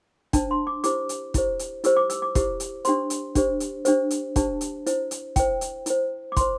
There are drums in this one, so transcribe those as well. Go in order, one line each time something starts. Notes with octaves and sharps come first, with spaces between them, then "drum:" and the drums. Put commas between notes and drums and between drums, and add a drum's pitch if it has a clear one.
D4 C5 A5, drum: kick, hi-hat
C6
D6
E4 G4 C5 D6, drum: hi-hat
drum: hi-hat
E4 G4 C5, drum: kick, hi-hat
drum: hi-hat
E4 G4 C5 E6, drum: hi-hat
D6
E6, drum: hi-hat
D6
E4 G4 C5, drum: kick, hi-hat
drum: hi-hat
D4 G4 C5 C6, drum: hi-hat
drum: hi-hat
D4 G4 C5, drum: kick, hi-hat
drum: hi-hat
D4 G4 C5, drum: hi-hat
drum: hi-hat
D4 G4 C5 A5, drum: kick, hi-hat
drum: hi-hat
E4 C5, drum: hi-hat
drum: hi-hat
E4 C5 G5, drum: kick, hi-hat
drum: hi-hat
E4 C5, drum: hi-hat
D6
E4 C5 C6, drum: kick, hi-hat